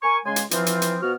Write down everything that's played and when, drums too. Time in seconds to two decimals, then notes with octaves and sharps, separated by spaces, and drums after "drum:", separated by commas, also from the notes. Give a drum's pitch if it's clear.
0.02 A#4 G#5 C#6
0.25 C#3 G#3 G#5 C6
0.36 drum: hi-hat
0.51 E3 F3 C4 F4, drum: hi-hat
0.66 drum: hi-hat
0.82 drum: hi-hat
1.01 B2 F3 B3 F#4 F6